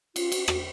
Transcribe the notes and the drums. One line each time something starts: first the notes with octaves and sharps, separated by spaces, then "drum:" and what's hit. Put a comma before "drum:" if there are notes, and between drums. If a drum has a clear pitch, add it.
F4, drum: cymbal
F#4, drum: cymbal
F#4, drum: rim click